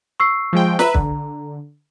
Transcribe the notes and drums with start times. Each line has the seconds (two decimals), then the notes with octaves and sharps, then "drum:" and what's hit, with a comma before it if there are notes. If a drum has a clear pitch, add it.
0.20 C#6 E6 C7
0.53 F3 G#3 G5
0.79 B4 E5 A#5, drum: snare
0.94 D3, drum: kick